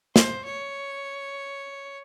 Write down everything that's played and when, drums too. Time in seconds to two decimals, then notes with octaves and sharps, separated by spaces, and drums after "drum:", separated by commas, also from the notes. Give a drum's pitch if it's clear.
0.16 C5, drum: snare
0.44 C#5